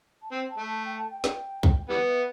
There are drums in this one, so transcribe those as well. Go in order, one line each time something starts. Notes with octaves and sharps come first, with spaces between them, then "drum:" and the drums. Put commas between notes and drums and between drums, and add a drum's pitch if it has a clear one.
A5
C4 G5
A5
A3
A5
G5
A5
G5
drum: snare
drum: kick C2
E3 G3 B3 F#5
E5